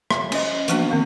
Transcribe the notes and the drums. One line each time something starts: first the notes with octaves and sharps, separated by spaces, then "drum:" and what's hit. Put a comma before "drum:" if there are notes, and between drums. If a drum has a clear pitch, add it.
E5, drum: rim click
C#4 D#5, drum: cymbal
E3 F3 A#3 B3 D4 F#4, drum: hi-hat
D#3 C4 F5 C#6